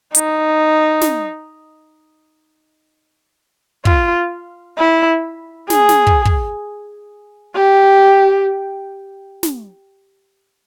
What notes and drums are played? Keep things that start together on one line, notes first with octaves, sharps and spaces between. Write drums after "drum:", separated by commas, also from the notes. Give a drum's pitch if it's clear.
D#4, drum: hi-hat
drum: snare
F4, drum: kick
E4
G#4, drum: snare
drum: snare
drum: kick
drum: kick
G4
drum: snare